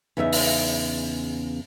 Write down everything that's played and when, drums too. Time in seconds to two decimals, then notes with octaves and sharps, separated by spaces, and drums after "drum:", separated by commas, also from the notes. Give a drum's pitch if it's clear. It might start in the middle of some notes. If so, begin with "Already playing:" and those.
0.17 E2 C#3 B3 D#4 G4 E5
0.33 drum: open hi-hat